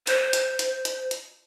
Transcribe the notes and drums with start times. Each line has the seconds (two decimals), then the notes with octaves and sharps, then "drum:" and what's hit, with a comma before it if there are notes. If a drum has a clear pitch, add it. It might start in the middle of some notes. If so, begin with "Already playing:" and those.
0.07 C5, drum: hi-hat
0.33 drum: hi-hat
0.59 drum: hi-hat
0.85 drum: hi-hat
1.11 drum: hi-hat